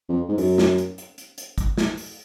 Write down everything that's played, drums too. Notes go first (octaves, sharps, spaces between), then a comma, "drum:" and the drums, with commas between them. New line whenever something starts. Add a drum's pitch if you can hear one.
F2
G#2
F#2, drum: open hi-hat
drum: snare
drum: hi-hat
drum: hi-hat
drum: hi-hat
drum: hi-hat
drum: kick, hi-hat
drum: snare
drum: open hi-hat